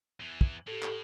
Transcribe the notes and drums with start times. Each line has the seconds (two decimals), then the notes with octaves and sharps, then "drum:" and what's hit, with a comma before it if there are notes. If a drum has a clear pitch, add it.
0.20 E2 E3
0.41 drum: kick
0.68 A2 G4 A4
0.83 drum: clap